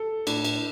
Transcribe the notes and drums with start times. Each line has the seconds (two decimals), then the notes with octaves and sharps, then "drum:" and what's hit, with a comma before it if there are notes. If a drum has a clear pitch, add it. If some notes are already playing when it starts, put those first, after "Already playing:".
Already playing: A4
0.27 A2 D4, drum: cymbal
0.45 drum: cymbal